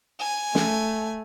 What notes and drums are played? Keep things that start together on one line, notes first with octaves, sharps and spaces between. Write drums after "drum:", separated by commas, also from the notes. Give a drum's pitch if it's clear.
G#5
A3, drum: snare